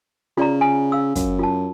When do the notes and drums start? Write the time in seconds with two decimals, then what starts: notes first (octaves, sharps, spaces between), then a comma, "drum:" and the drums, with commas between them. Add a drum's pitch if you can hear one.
0.37 C#3 F4 D5 A#5
0.61 G#5
0.92 F5 E6
1.15 F#2, drum: kick, hi-hat
1.39 F4 A5